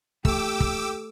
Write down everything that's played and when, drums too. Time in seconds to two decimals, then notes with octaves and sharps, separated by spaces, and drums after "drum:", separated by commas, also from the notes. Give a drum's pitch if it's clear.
0.25 A3 G4 G5 D6 E6, drum: kick
0.60 drum: kick